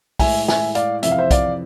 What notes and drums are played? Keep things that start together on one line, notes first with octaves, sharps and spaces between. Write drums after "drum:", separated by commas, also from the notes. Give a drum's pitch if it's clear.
A2 G#3 E5 G#5, drum: kick B1, open hi-hat
E5 G#5, drum: snare
D5 F5, drum: hi-hat
F2 C3 E3 E5, drum: hi-hat
F5
C5 E5
D5 F5, drum: kick B1, hi-hat